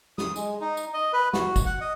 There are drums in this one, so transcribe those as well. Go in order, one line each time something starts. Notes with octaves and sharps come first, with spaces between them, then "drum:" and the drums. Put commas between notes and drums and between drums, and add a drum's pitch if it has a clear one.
D#6, drum: snare
G#3, drum: tambourine
D#4
drum: tambourine
D#5
B4
F#4, drum: snare
drum: kick, tambourine
F#5
D#5